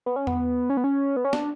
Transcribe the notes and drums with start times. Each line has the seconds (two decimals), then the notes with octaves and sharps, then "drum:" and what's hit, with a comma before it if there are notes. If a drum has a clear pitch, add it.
0.06 B3
0.16 C#4
0.27 B3, drum: tom E2
0.70 C#4
0.77 B3
0.84 C#4
1.16 B3
1.25 C#4
1.33 D4, drum: snare